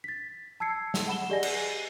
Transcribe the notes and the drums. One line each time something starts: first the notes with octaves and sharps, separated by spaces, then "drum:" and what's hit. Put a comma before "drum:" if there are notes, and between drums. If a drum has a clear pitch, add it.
A6 B6
A5 E6 G#6 C7 C#7
drum: snare
F#5 B5 E7 G7
G4 G#4 D5 D#5 G#5 A#6
drum: cymbal